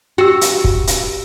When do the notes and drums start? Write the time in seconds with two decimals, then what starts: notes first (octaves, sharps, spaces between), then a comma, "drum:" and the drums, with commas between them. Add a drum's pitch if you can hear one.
0.18 F#4 G4 G5 E6
0.41 drum: hi-hat
0.64 drum: kick
0.87 drum: hi-hat